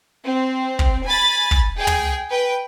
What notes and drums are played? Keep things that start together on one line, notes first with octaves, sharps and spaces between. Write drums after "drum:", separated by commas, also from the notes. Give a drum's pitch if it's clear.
C4
drum: kick
G#5 B5 A6
drum: kick
G#4 G5
drum: tom
B4 G5